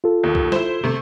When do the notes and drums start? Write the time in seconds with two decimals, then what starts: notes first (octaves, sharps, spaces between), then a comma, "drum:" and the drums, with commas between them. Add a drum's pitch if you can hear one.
0.04 F4 A4
0.24 D#2
0.35 drum: kick
0.52 E4 C5, drum: snare
0.84 C3 A3